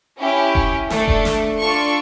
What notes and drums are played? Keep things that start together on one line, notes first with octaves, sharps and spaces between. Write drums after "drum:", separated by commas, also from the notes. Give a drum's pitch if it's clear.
C#4 E4 G4
drum: kick E1
A3 D4 A4, drum: snare
drum: kick E1
drum: snare
D4 F4 A4 C#6